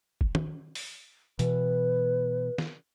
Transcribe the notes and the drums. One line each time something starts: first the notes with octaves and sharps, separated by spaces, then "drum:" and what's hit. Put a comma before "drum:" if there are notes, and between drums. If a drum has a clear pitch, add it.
drum: kick
drum: tom D#3
drum: open hi-hat
B2 E3 B4, drum: hi-hat
drum: snare